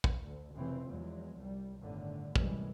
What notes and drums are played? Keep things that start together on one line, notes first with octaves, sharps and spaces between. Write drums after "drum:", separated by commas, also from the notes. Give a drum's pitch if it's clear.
drum: kick
D2
F1 C#3 E3 C4
E2 F3 F#3 G#3
C2 G3
G1 A2 D3 D#3
F#2 A2 C3 E3 G3 G#3, drum: kick